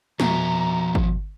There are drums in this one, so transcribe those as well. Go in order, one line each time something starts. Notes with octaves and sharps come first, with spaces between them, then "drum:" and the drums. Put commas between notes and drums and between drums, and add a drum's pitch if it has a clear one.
F2 B2 F3 F#4 E5 A#5, drum: snare
drum: kick